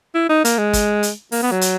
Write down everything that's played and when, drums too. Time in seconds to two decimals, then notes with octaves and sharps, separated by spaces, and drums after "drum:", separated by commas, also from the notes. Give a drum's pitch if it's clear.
0.15 E4
0.30 D#4
0.45 A#3, drum: hi-hat
0.58 G#3
0.73 drum: kick, hi-hat
1.03 drum: hi-hat
1.32 A#3, drum: open hi-hat
1.42 B3
1.52 F#3
1.61 drum: hi-hat